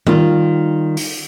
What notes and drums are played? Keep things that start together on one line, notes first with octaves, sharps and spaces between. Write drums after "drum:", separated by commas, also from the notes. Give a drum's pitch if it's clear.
D#3 G3 F4, drum: tom D#3
drum: open hi-hat